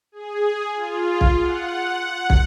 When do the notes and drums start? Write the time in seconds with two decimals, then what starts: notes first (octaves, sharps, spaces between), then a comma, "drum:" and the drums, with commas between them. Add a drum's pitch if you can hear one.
0.12 G#4
0.75 F4
1.21 drum: kick
1.41 F#5
1.86 F#5
2.30 drum: kick